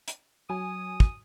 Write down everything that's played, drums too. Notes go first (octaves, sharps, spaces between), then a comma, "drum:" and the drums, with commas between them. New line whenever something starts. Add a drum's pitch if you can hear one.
drum: hi-hat
F#3 G#5 D#6
drum: kick